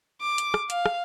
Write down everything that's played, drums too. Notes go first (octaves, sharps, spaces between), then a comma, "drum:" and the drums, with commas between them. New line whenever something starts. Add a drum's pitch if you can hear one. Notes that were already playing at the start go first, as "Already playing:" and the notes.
D6
drum: hi-hat
drum: rim click
F5, drum: hi-hat
drum: rim click